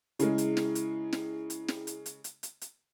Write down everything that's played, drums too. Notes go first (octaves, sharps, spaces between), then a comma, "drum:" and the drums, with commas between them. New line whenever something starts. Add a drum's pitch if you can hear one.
C#3 G#3 E4, drum: hi-hat
drum: hi-hat
drum: snare
drum: hi-hat
drum: snare
drum: hi-hat
drum: snare
drum: hi-hat
drum: hi-hat
drum: hi-hat
drum: hi-hat
drum: hi-hat